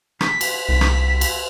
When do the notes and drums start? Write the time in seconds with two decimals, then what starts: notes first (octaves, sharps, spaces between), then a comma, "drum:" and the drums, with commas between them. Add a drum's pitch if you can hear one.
0.21 B6, drum: rim click
0.41 drum: cymbal
0.69 C2 B6
0.81 drum: rim click
1.21 drum: cymbal